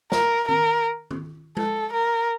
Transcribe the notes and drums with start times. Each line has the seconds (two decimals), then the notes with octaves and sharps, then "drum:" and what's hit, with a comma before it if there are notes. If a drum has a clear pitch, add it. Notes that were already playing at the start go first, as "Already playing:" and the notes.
0.12 A#4, drum: snare
0.49 A#4, drum: tom
1.11 drum: tom
1.57 A4, drum: tom G#3
1.93 A#4